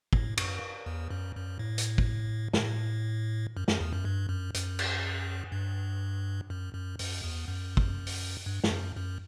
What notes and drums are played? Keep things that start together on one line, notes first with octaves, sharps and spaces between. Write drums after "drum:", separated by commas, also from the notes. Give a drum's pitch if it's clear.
A2, drum: kick
F#2, drum: cymbal
E2
F#2
F#2
A2
drum: hi-hat
drum: kick
G2, drum: snare
A2
F#2
F#2, drum: snare
E2
F#2
G2
F#2
F#2, drum: hi-hat
drum: cymbal
G2
F#2
F#2
F#2, drum: open hi-hat
E2
F#2
drum: kick
drum: open hi-hat
G2
G2, drum: snare
F#2
F#2